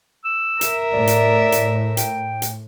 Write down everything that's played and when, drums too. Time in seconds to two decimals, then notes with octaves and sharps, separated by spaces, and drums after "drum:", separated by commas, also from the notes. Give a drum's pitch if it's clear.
0.25 E6
0.61 A#4 E5, drum: hi-hat
0.93 A2 D5
1.07 drum: hi-hat
1.52 drum: hi-hat
1.97 G5, drum: hi-hat
2.42 drum: hi-hat